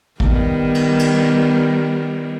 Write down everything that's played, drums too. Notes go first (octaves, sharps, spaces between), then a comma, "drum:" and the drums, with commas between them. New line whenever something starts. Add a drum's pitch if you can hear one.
D#3 G3 B3, drum: kick
drum: cymbal
drum: cymbal